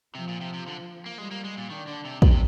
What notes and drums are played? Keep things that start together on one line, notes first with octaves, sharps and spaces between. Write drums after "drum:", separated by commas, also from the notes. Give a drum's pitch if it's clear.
C3 F3
A#2
C3
C3
D3
A#3
G3 G#3
A#3
G#3
A#2
D#3 D4
D3
C3
A#2, drum: kick
C3